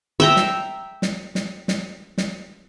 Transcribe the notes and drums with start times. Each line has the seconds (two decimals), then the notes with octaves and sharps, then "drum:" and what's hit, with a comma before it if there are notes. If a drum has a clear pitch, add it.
0.20 E5 G5 A#5
0.36 drum: snare
1.02 drum: snare
1.35 drum: snare
1.68 drum: snare
2.18 drum: snare